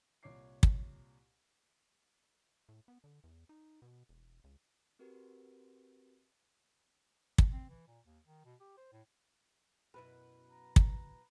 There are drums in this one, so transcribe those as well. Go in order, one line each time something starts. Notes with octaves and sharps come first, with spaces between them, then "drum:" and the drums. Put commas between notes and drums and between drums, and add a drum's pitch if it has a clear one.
C2 A#2 C#5 D6 C7
drum: kick
A2
B3
D3
E2
D#4
B2
E1
C#2
C4 F#4 G4 A#4 B4
drum: kick
C4
E3
A#2
D#2
D#3
B2
G4
C5
A2
F#2 B2 E4 B4
A#5
drum: kick